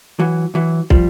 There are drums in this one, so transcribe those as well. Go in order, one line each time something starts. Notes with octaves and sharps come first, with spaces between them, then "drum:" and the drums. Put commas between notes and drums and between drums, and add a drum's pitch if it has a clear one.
E3 F#3
E3 F#3
F3 G3, drum: kick